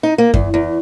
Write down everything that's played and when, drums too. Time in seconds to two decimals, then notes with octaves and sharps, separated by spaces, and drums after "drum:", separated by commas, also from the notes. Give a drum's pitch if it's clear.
0.03 D#4
0.18 A#3
0.34 E2, drum: kick F#2
0.54 E2